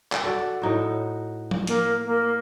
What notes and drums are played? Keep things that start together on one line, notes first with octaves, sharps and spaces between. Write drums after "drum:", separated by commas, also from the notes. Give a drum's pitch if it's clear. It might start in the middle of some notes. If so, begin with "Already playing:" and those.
drum: clap
F#4 A4 D5
A2 D#4 F#4
drum: tom F3
A#3, drum: hi-hat
A#3